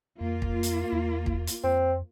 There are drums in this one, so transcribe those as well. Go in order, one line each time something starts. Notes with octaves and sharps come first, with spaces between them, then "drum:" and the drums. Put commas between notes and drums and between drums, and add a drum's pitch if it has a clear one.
F2 A#3 F4
drum: kick
drum: hi-hat
E2
drum: kick
drum: hi-hat
F2 C4